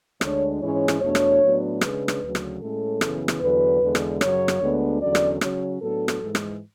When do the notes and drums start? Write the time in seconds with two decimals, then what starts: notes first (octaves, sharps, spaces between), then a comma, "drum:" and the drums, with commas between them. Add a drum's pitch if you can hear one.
0.21 D2 D3 G#3 D4 C#5, drum: rim click
0.61 G#2 E3 G#3 C#4 C#5
0.88 drum: rim click
1.02 E2 B2 A3 D4 C#5
1.15 drum: rim click
1.42 A2 F#3 B3 D4
1.81 C#3 G#3 D4 B4, drum: rim click
2.08 drum: rim click
2.21 D2 C#3 F#3
2.35 drum: rim click
2.61 A2 G#3 C#4 A4
3.01 F#2 C#3 E3 B3, drum: rim click
3.28 drum: rim click
3.41 E2 D3 F#3 B4
3.81 E2 D3 G#3
3.95 drum: rim click
4.21 F#2 C#3 F#3 C#5, drum: rim click
4.48 drum: rim click
4.61 D2 D3 G#3 B3 D4
5.02 E2 D3 F#3 C#4 D5
5.15 drum: rim click
5.41 C#3 F#3 C#4 C#5, drum: rim click
5.81 A2 F#3 B3 D4 A4
6.08 drum: rim click
6.22 G#2 E3 G#3
6.35 drum: rim click